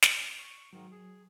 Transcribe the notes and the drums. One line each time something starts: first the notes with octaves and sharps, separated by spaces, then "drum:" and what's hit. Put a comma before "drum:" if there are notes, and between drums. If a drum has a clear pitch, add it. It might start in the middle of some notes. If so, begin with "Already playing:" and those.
drum: snare
C#6
G#2 D#3 F#3
G#4